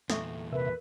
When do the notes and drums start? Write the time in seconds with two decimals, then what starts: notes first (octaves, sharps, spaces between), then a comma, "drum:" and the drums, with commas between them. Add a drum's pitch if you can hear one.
0.10 E2 A#2 A4 E5 C#6, drum: snare
0.52 C3 A#4 B4 E5